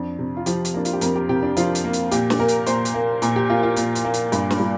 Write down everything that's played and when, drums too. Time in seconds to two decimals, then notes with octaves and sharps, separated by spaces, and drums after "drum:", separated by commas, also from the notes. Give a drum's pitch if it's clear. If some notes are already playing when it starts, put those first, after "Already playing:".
Already playing: F2 D4
0.19 C3
0.37 F4
0.46 F3 G4, drum: hi-hat
0.65 drum: hi-hat
0.74 A#3 D4
0.85 F4, drum: hi-hat
0.93 G4
1.01 F2 A#4, drum: hi-hat
1.16 G4
1.29 C3 G4
1.43 D4
1.57 F3 F4, drum: hi-hat
1.75 drum: hi-hat
1.84 A#3
1.93 drum: hi-hat
2.12 A#2 G4, drum: hi-hat
2.30 drum: snare
2.39 A#3 A#4
2.48 drum: hi-hat
2.67 A#2 C5, drum: hi-hat
2.85 drum: hi-hat
2.94 A#3
3.22 A#2 A#4, drum: hi-hat
3.36 G4
3.49 A#3 F4
3.63 F4
3.76 A#2, drum: hi-hat
3.95 drum: hi-hat
4.05 A#3
4.14 drum: hi-hat
4.32 G2, drum: hi-hat
4.51 drum: snare
4.60 G3